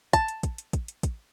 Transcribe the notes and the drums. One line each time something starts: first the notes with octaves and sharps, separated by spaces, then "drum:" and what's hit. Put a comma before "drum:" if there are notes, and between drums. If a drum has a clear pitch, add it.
A5, drum: kick, hi-hat
drum: hi-hat
drum: kick, hi-hat
drum: hi-hat
drum: kick, hi-hat
drum: hi-hat
drum: kick, hi-hat